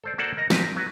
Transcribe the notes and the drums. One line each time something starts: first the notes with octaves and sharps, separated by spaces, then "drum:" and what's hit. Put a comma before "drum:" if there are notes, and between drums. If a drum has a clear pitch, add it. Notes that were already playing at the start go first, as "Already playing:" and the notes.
A4 C5 D5
A#3 F#4 A4 C5 D5 F#5
A#4 D#5 A#5
A#2 G4 B4, drum: snare
A#4
F#3 F#4 B4